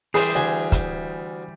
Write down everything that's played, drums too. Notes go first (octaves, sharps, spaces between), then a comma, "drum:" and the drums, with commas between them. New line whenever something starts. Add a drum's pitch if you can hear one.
E3 G3 G#4 C5, drum: open hi-hat
D2 G#5
drum: kick, hi-hat